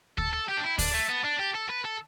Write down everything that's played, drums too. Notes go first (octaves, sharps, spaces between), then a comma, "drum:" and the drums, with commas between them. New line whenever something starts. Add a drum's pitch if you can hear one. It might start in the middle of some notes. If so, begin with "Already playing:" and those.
A4 A5, drum: kick D2
A4
G4 G5
D4
E4
D4 A5, drum: kick D2, open hi-hat
A3
B3
D4
G4
A4
B4
A4